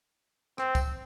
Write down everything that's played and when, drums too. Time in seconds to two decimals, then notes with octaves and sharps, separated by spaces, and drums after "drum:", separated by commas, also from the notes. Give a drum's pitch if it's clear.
0.58 C4, drum: rim click
0.75 drum: kick C2, tambourine